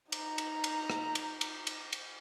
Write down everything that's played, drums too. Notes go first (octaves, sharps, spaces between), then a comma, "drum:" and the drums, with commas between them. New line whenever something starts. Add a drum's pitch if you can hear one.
D#4 A#5, drum: cymbal
drum: cymbal
drum: cymbal
drum: rim click
drum: cymbal
drum: cymbal
drum: cymbal
drum: cymbal